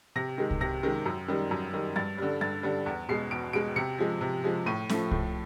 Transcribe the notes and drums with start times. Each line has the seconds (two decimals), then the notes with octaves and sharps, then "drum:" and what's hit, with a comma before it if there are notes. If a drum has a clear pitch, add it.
0.16 C3 A#6
0.38 D#3 G#3
0.51 drum: kick C2
0.60 C3 A#6
0.83 D#3 G#3
1.06 F#2
1.28 D#3 G3
1.51 F#2
1.73 D#3 G3
1.96 G2 A6
2.18 D3 G3
2.41 G2 A6
2.63 D3 G3
2.86 E2
3.09 B2 G#3 C7
3.31 E2 D7
3.53 B2 G#3 D7
3.76 C3 C#7
3.98 F3 G#3
4.21 C3
4.44 F3 G#3
4.66 A2 D#7
4.89 F3 A3, drum: snare
5.11 A2, drum: kick C2